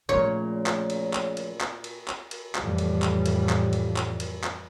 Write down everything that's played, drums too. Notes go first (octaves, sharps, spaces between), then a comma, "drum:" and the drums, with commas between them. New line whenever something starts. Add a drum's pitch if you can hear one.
A#2 C#3 F3 A3 C#5
drum: clap
drum: cymbal
drum: clap
drum: cymbal
drum: clap
drum: cymbal
drum: clap
drum: cymbal
F2 A2 E3 G3, drum: clap
drum: cymbal
drum: clap
drum: cymbal
drum: clap
drum: cymbal
drum: clap
drum: cymbal
drum: clap